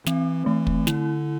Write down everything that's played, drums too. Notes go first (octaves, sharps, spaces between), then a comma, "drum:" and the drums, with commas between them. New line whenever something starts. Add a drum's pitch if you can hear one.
E3 C4, drum: snare
E3 A3
drum: kick
D3 E4, drum: snare